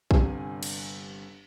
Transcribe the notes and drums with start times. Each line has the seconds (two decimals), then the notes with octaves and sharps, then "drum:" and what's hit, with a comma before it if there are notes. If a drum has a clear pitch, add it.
0.11 G1 G2 C3 G#5, drum: kick
0.63 drum: cymbal